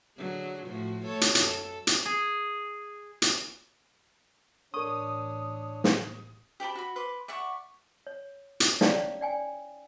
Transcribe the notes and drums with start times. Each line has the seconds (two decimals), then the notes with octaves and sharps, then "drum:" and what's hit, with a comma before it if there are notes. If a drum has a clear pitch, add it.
0.18 D3 F#3 G#4
0.67 A2 F3 F#4
1.05 A3 A4 C#5
1.21 drum: hi-hat
1.35 F#2 A4, drum: hi-hat
1.87 drum: hi-hat
2.06 G#4
3.22 drum: hi-hat
4.74 A1 D4 A#4 C#5 C#6 D#6
5.84 drum: snare
6.60 G4 D5 A5 B5
6.75 F#4 B5
6.96 B4 C6 D6
7.28 D5 E5 F#5 C#6
8.07 C#5
8.60 drum: hi-hat
8.81 C#4 D#4 E4 C#5 D5 F5, drum: snare
9.21 D5 G5 G#5